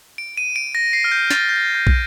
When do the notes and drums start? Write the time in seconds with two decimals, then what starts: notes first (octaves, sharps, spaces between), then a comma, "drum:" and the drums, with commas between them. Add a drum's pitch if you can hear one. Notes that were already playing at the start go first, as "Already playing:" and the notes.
0.18 D7
0.37 D#7
0.56 D7
0.75 A#6
0.93 C7
1.04 F6
1.12 G6
1.30 A6, drum: snare
1.49 G6
1.75 G6
1.87 drum: kick